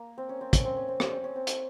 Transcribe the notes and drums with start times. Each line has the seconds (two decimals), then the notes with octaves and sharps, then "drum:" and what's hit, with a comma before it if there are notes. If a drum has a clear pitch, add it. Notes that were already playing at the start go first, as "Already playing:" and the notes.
Already playing: A#3
0.18 C4
0.29 C#4
0.41 C4
0.53 C#4, drum: kick, hi-hat
0.65 C4
0.77 C#4
0.88 C4
1.00 C#4, drum: rim click
1.11 C4
1.24 C#4
1.36 C4
1.47 drum: hi-hat